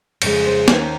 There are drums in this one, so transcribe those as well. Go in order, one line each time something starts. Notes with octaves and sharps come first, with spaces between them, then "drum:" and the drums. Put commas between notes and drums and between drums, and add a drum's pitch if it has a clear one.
F2 C#3 G#3 C#5, drum: cymbal
C5
D#2 D#3 A#3 C#4, drum: snare